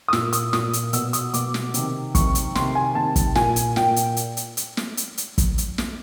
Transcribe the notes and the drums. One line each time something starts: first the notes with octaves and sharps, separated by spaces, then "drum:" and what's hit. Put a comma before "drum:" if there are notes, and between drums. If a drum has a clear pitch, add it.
D#6
A#2 E6, drum: snare
D#6, drum: hi-hat
A#2 D#6, drum: snare
drum: hi-hat
B2 E6, drum: hi-hat
D#6, drum: hi-hat
B2 D6, drum: hi-hat
drum: snare
C3 D#3, drum: hi-hat
C3 D#3 C#6, drum: kick, hi-hat
drum: hi-hat
C3 D#3 C6, drum: snare
G#5
C3 D#3 A5
drum: kick, hi-hat
A#2 G#5, drum: snare
drum: hi-hat
A#2 G5, drum: snare
drum: hi-hat
drum: hi-hat
drum: hi-hat
drum: hi-hat
drum: snare
drum: hi-hat
drum: hi-hat
drum: kick, hi-hat
drum: hi-hat
drum: snare